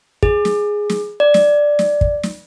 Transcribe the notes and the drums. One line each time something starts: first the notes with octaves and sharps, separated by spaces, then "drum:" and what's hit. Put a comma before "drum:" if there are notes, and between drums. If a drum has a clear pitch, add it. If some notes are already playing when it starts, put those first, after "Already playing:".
G#4, drum: kick
drum: snare
drum: snare
D5
drum: snare
drum: snare
drum: kick
drum: snare